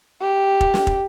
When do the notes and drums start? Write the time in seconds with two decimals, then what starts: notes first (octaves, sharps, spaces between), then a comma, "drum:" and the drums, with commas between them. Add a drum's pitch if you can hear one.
0.21 G4
0.61 drum: kick
0.74 drum: snare
0.87 drum: kick